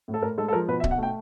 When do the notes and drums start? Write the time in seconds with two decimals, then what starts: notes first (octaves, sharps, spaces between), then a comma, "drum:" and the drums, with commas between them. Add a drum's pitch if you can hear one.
0.08 A2
0.14 A4
0.22 A2 A#4
0.38 G#3 A4
0.48 A4
0.53 F3 A#4
0.68 B2 B4
0.80 E5
0.84 B2, drum: kick C#1
0.91 F#5
0.98 A3 G5